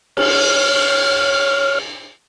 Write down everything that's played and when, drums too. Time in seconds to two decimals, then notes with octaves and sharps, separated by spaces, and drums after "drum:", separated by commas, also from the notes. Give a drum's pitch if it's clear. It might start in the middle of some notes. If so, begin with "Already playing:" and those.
0.17 C#5 F6, drum: cymbal